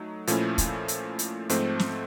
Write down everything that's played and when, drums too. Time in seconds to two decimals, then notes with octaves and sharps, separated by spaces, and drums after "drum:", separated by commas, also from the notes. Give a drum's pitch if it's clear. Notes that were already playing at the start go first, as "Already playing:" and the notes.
Already playing: F#3 A3 D#4
0.27 A#2 F3 A3 C#4 E4, drum: hi-hat
0.58 drum: kick, hi-hat
0.88 drum: hi-hat
1.19 drum: hi-hat
1.49 G#2 F3 A3 C4, drum: hi-hat
1.79 drum: snare